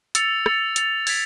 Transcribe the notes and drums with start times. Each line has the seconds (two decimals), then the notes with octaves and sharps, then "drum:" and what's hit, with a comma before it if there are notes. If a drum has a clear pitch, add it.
0.15 E6 A6 C#7 F7, drum: hi-hat
0.46 E6 A6 C#7 F7, drum: rim click
0.76 E6 A6 C#7 F7, drum: hi-hat
1.07 G#6 B6 D7, drum: open hi-hat